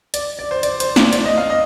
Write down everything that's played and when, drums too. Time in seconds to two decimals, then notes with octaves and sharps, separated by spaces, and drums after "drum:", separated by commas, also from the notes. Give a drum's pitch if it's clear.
0.14 D5, drum: hi-hat
0.39 D5
0.51 C5
0.63 D5, drum: hi-hat
0.80 C5, drum: hi-hat
0.96 D5, drum: snare
1.13 D5, drum: hi-hat
1.25 D#5
1.38 F5
1.50 D#5